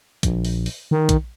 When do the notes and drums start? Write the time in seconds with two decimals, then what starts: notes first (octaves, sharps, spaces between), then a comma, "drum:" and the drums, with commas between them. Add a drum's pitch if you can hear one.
0.23 A#1, drum: kick, hi-hat
0.45 drum: open hi-hat
0.66 drum: open hi-hat
0.91 D#3
1.09 drum: kick, hi-hat